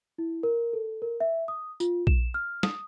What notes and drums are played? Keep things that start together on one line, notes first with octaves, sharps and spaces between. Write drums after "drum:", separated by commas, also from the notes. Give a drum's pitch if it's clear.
E4
A#4
A4
A#4
E5
D#6
F4, drum: tambourine
E7, drum: kick A#1
F6
D#6, drum: snare